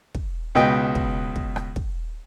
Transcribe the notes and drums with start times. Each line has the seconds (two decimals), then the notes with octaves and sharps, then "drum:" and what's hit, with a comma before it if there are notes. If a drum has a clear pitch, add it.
0.15 drum: kick
0.55 C#2 B2 B4 D#5 G5
0.95 drum: kick
1.36 drum: kick
1.56 drum: rim click
1.76 drum: kick